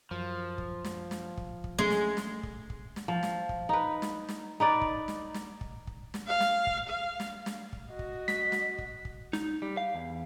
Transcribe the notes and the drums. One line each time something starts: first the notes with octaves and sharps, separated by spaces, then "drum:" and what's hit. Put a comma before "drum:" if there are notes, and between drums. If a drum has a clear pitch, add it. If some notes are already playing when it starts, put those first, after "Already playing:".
F#2 F3
drum: kick
drum: snare
drum: snare
drum: kick
drum: kick
F#3 G#3 A3 C#4
drum: snare
drum: snare
drum: kick
drum: kick
drum: snare
F3
drum: snare
drum: kick
D#4 B4
drum: snare
drum: snare
D#4 B4 D5
drum: kick
drum: snare
drum: snare
drum: kick
drum: kick
drum: snare
F5
drum: snare
drum: kick
F5
drum: snare
drum: snare
drum: kick
F#4 D#5
drum: kick
B6, drum: snare
drum: snare
drum: kick
drum: kick
D#4, drum: snare
G3
F5
E2